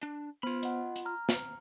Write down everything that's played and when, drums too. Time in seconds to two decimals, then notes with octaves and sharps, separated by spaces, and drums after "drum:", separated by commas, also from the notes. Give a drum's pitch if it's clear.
0.03 D4
0.43 B3 F4 C5 B5 F6
0.63 D#5 F#5, drum: hi-hat
0.96 drum: hi-hat
1.05 A#5 F6
1.29 drum: snare